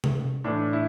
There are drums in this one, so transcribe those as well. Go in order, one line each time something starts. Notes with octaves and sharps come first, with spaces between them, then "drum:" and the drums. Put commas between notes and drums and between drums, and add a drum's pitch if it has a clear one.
drum: tom C3
A2 E3 D4
E4